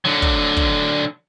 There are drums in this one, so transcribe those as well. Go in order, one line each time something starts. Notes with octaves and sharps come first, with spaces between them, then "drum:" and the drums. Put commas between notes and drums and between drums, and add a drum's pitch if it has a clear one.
D3 F#3
drum: kick
drum: kick